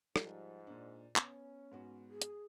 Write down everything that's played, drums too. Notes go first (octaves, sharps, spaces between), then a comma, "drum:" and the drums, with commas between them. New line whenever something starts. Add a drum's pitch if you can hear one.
G#2 F3 G3, drum: rim click
A#2 D4
B3 C#4, drum: clap
G#2 B3 F#4
G#4
drum: hi-hat